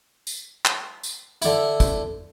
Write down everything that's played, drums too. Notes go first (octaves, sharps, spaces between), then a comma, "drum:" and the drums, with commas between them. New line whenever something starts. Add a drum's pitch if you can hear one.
drum: tambourine
drum: clap
drum: tambourine
D3 E4, drum: tambourine
drum: kick, tambourine